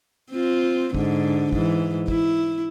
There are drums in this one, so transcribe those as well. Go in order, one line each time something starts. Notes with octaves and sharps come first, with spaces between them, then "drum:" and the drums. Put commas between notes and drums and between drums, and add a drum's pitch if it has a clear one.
C4 F4
G#2 D3, drum: kick
G#2 E3, drum: kick
E4, drum: kick